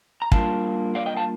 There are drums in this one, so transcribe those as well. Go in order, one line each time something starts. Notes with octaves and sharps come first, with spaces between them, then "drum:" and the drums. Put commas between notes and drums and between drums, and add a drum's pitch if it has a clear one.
A#5
D3 G3 A#3 D4 F4 F5 A5, drum: kick
D5 F5
D#5 G5
F5 A5